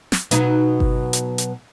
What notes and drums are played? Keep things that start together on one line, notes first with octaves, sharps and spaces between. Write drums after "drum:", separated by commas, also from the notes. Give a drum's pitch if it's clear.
drum: snare
B2 F#3 D#4, drum: hi-hat
drum: kick G1
drum: hi-hat
drum: hi-hat